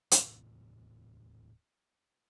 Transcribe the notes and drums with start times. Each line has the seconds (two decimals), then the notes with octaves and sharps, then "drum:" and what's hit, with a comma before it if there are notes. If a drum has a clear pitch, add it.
0.11 D#1 A2 C3 E3, drum: hi-hat